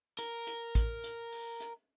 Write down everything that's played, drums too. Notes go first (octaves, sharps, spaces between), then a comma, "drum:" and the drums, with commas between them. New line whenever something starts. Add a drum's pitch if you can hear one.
A#4, drum: hi-hat
drum: hi-hat
drum: kick A1, hi-hat
drum: hi-hat
drum: open hi-hat
drum: hi-hat